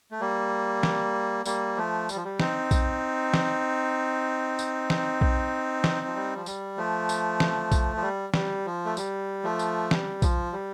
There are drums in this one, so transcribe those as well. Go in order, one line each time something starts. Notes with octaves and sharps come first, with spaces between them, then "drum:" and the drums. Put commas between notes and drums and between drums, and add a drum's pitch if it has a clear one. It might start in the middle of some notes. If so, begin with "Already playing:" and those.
A3
G3 A#3
drum: snare
G3 A#3, drum: tambourine
F3 A3
G3, drum: tambourine
F3
G3
C4 D#4, drum: snare
drum: kick B1, tambourine
drum: snare
drum: tambourine
drum: snare
drum: kick B1
drum: snare
F3
G3
F3
G3, drum: tambourine
F3 A3
drum: tambourine
drum: snare
drum: kick B1, tambourine
F3
G3
G3, drum: snare
F3
A3
G3, drum: tambourine
F3 A3
drum: tambourine
G3, drum: snare
F3, drum: kick B1, tambourine
G3